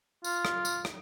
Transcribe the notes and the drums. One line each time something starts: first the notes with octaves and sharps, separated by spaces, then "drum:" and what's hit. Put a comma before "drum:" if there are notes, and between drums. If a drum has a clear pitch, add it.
F4, drum: tambourine
drum: rim click
drum: tambourine
drum: rim click